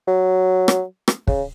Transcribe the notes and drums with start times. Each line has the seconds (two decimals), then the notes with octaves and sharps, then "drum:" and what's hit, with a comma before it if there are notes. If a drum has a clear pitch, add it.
0.08 F#3
0.68 drum: rim click
1.08 drum: rim click
1.27 C#3, drum: kick